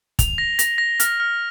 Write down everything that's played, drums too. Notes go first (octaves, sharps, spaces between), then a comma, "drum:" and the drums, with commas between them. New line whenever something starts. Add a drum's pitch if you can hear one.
F7, drum: kick, hi-hat
A#6
A#6, drum: hi-hat
A#6
F6, drum: hi-hat
F6